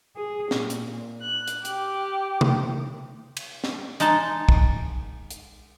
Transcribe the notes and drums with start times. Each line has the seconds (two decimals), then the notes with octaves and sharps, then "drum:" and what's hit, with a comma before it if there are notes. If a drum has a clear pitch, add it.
0.15 G#4
0.51 A#2, drum: snare
0.70 drum: hi-hat
1.21 F#6
1.48 drum: hi-hat
1.65 G4, drum: hi-hat
2.41 drum: tom C3
3.37 drum: cymbal
3.64 drum: snare
4.00 G#3 D#4 A5, drum: hi-hat
4.49 drum: kick
5.31 drum: hi-hat